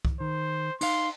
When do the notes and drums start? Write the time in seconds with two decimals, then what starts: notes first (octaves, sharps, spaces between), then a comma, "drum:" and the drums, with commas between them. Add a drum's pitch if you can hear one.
0.05 drum: kick C2
0.21 D#3 C5
0.81 D#4 F5 C6, drum: cymbal